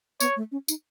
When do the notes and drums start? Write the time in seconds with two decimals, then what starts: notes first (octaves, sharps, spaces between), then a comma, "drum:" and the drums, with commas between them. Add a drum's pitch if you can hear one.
0.20 B3 C#5, drum: tambourine
0.36 A3
0.52 C#4
0.68 D#4, drum: tambourine